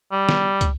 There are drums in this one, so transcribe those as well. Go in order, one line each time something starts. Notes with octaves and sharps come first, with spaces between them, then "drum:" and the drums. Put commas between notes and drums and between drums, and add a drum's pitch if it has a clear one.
G3
drum: snare
drum: kick, hi-hat